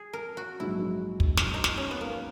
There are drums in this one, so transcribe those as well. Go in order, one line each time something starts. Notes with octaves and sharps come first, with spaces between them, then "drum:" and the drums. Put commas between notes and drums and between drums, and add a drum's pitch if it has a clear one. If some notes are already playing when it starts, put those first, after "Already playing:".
Already playing: G#4
A#4
F#4
A#1 G#2 F#3 E4
drum: kick
drum: snare
D#4
drum: snare
C#4
B3
A#3